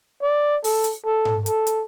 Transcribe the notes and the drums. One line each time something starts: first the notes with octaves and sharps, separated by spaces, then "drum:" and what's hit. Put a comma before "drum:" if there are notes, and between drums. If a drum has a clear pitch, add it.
D5
A4, drum: open hi-hat
drum: hi-hat
A4
drum: tom G#2
A4, drum: hi-hat
drum: hi-hat